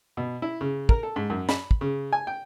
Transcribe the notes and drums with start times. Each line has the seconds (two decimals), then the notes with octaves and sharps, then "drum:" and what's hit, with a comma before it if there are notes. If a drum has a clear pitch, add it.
0.17 B2
0.42 E4
0.61 C#3
0.89 A#4, drum: kick
1.03 A4
1.16 G#2
1.30 F#2
1.49 B5, drum: snare
1.71 drum: kick
1.81 C#3
2.13 G#5
2.27 G5